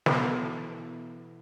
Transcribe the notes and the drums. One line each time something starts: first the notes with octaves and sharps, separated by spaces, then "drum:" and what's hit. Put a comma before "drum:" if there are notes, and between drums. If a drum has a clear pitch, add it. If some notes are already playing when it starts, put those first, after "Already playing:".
B2 E3 B3 E4 A4, drum: snare